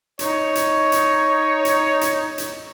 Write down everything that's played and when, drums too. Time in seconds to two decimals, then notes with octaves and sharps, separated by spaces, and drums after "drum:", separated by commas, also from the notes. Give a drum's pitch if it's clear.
0.19 D#4 C#5, drum: hi-hat
0.55 drum: hi-hat
0.92 drum: hi-hat
1.65 drum: hi-hat
2.01 drum: hi-hat
2.38 drum: hi-hat